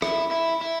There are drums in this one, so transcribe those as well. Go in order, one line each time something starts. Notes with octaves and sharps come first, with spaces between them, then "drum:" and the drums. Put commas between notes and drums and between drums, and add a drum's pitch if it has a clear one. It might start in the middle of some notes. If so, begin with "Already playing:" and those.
E4, drum: rim click
E4
E4